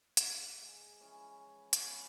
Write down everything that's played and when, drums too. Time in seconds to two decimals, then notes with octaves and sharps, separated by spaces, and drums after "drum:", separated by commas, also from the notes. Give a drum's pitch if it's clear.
0.17 E5, drum: hi-hat
0.61 G#2
1.00 E3 F3 C#4
1.73 B3 F#4 G#4, drum: hi-hat